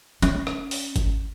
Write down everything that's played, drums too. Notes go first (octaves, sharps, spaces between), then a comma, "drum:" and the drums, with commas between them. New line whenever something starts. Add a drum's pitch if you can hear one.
C#4, drum: hi-hat
drum: rim click
drum: open hi-hat
drum: kick G1, hi-hat